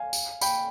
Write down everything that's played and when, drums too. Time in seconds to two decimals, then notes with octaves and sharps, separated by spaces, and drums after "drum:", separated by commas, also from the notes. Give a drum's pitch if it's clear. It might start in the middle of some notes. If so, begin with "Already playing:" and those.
Already playing: F5 G#5
0.13 drum: tambourine
0.41 G5 B5, drum: tambourine